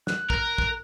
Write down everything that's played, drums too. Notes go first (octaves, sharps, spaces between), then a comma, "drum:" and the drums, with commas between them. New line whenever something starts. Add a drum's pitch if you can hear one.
F#6, drum: snare
A#4, drum: kick
drum: kick